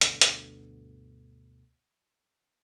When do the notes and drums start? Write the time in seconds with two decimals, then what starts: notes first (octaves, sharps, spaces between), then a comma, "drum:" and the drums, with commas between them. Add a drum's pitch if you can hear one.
0.01 D2 G2 B2 D3, drum: hi-hat
0.21 drum: hi-hat